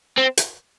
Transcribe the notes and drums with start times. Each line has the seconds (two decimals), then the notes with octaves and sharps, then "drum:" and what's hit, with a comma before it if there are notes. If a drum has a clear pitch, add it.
0.18 C4
0.37 drum: hi-hat